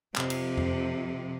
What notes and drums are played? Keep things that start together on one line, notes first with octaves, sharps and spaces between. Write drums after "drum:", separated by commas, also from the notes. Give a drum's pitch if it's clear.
F2 C3, drum: clap
drum: cymbal
drum: tom F2